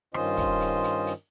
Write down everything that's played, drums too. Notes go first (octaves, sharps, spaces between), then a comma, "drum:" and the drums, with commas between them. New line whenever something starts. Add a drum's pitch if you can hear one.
G2 D#3 C#4 F4 C5 D#5, drum: rim click
drum: kick, hi-hat
drum: hi-hat
drum: hi-hat
drum: hi-hat